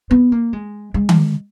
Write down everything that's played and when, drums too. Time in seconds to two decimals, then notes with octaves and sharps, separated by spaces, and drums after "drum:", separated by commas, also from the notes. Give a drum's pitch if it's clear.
0.11 B3
0.32 A#3
0.53 G#3
0.94 G#3
1.09 drum: tom D#3